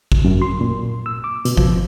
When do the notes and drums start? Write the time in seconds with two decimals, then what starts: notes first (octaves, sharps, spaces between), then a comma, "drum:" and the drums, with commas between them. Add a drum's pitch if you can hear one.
0.12 drum: kick
0.25 F#2
0.42 C6
0.61 A#2
1.06 E6
1.24 D6
1.45 B2, drum: hi-hat
1.57 F3, drum: kick